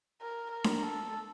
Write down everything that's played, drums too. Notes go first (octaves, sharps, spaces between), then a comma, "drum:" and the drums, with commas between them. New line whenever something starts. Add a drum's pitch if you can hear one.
A#4
A#4
drum: snare D4
A4